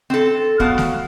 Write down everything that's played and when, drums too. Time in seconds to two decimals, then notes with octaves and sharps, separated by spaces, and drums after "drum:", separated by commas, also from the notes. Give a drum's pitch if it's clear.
0.10 C4 A4
0.60 F#3 B3 F5 A5, drum: kick
0.78 drum: snare A3